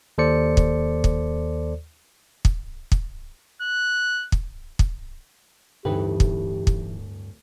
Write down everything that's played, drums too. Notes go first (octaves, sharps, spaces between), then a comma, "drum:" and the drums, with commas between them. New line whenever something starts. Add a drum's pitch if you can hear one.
D#2 A4 C5 D5 C#7
drum: kick
drum: kick
drum: kick
drum: kick
F#6
drum: kick
drum: kick
D1 G2 E3 A3 D#4 G4 B4 G5
drum: kick
drum: kick